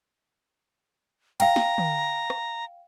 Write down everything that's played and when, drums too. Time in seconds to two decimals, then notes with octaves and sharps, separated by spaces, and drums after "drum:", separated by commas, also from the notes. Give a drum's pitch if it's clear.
1.40 F5 G5 A#5, drum: cymbal
1.56 drum: snare
1.78 drum: tom
2.30 drum: rim click